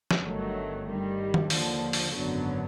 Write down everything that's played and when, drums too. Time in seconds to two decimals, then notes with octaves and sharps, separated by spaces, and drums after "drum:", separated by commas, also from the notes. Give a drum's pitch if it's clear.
0.11 drum: snare
0.22 G1 G2 D#3 F#3 A3
0.86 G2 D#3 G3
1.34 drum: tom D#3
1.50 D#2 D3 F3, drum: open hi-hat
1.93 drum: open hi-hat
2.15 G#1 F#2 D3 F#3 B3